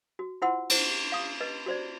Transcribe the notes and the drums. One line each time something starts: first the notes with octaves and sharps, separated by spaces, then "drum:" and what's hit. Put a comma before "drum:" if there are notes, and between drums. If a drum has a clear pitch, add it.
F#4
E4 F4 C5 F#5 C6 E6
E4 C5, drum: cymbal
F5 D#6
B4 D#5
F#4 C5 D5